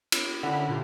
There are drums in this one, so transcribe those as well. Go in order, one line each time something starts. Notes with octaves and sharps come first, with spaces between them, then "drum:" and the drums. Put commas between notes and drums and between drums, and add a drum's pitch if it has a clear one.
drum: cymbal
D3 C#4 E4 F#5 B5
A#2 F4 G4